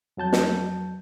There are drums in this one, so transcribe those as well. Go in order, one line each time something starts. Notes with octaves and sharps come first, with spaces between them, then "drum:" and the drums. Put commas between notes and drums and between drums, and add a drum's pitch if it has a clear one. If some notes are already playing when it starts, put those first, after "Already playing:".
F2 F#3 A5 G6
drum: snare